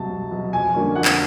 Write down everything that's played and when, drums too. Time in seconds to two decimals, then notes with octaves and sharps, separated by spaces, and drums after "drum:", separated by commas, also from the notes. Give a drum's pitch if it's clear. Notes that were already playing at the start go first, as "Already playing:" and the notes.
Already playing: C2 B2 F#3 A5
0.10 C2
0.31 B2 F#3
0.53 F2 G#5
0.74 D3 G3 A#3 C#4
0.95 F2 F#5
1.05 drum: clap